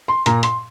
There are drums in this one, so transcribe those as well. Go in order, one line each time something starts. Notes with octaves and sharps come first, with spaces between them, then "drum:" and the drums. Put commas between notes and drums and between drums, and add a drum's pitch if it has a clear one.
C6
A#2 A#5, drum: hi-hat
C6, drum: hi-hat